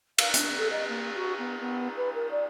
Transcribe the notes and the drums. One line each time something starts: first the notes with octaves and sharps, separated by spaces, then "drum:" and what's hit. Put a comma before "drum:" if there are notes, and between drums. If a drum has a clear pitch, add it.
F5, drum: cymbal
D4, drum: hi-hat
A4
D#5
A#3
F#4
B3
B3
B4
A#4
D5